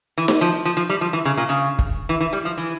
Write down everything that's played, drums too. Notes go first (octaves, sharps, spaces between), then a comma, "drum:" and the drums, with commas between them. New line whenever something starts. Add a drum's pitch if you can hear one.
E3
drum: snare D#4
F3
F3
F3
G3
F3
E3
C#3
A#2
C#3
drum: kick
E3
E3
G3
F3
E3